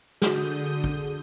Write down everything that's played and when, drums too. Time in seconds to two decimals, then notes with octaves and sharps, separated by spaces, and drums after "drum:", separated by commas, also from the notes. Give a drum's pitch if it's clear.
0.22 D3 F#4 G#4 D#6 G6, drum: snare
0.84 drum: kick